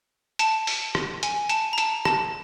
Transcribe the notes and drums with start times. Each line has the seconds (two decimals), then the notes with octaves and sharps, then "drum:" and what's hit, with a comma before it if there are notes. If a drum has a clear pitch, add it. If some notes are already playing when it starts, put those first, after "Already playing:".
0.39 A5, drum: hi-hat
0.67 drum: open hi-hat
0.95 drum: rim click
1.23 G#5, drum: hi-hat
1.49 A5, drum: hi-hat
1.73 A#5
1.78 A5, drum: hi-hat
2.05 A5, drum: rim click